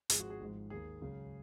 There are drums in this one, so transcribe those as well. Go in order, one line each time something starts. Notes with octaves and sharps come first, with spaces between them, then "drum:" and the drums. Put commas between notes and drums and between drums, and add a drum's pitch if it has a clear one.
G#1 G#2 F3 G#3 G#4, drum: hi-hat
F#4
G#4
G#1 G#2 F3 G#3
D#2 D#3 A#3 G#4
C#2 C#3 F#3 C#4